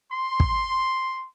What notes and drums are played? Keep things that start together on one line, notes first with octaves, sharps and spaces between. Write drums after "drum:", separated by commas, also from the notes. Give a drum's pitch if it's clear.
C6
drum: kick